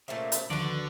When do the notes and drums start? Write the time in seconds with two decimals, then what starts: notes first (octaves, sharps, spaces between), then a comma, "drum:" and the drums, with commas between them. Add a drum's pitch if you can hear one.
0.08 A#2 C#3 A3 C5 E5
0.32 drum: hi-hat
0.50 D2 D3 D#3 F3 F#4 B4 D5